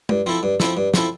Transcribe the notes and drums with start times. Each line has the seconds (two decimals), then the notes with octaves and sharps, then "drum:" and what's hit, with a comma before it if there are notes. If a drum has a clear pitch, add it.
0.09 G2, drum: tom
0.26 F3 C4 E4 A4
0.43 G2
0.60 F3 C4 E4 A4, drum: snare
0.77 G2
0.94 F3 C4 E4 A4, drum: snare